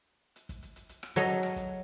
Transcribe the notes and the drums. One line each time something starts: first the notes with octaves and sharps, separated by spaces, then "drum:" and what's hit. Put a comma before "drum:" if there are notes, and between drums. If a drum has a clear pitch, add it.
drum: hi-hat
drum: kick, hi-hat
drum: hi-hat
drum: hi-hat
drum: hi-hat
drum: rim click
F#3 A4 D#5 A#5, drum: hi-hat
drum: hi-hat
drum: rim click
drum: kick, hi-hat